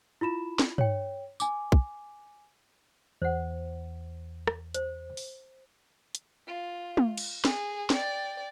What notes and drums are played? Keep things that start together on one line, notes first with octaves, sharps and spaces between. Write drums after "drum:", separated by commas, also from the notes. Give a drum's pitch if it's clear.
E4 F4 B5 E7
drum: snare
C#5 G5, drum: tom
G#5 D6, drum: tambourine
drum: kick
E2 C5 F#5
drum: rim click
C5, drum: hi-hat
drum: open hi-hat
drum: hi-hat
F4
drum: tom
drum: cymbal
G#4, drum: snare
D5 G5, drum: snare